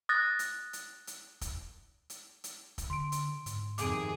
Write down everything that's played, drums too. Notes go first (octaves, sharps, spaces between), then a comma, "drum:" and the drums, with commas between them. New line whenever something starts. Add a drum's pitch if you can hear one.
D#6 F#6 A6 A#6
drum: hi-hat
drum: hi-hat
drum: hi-hat
drum: kick, hi-hat
drum: hi-hat
drum: hi-hat
drum: kick, hi-hat
D3 C6 D7
drum: hi-hat
G#2, drum: hi-hat
F2 C3 D#3 G#4 D6 D7, drum: hi-hat